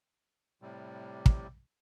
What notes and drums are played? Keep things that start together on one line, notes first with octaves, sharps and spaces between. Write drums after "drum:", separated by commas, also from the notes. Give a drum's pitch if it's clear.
A2 C3 G3
drum: kick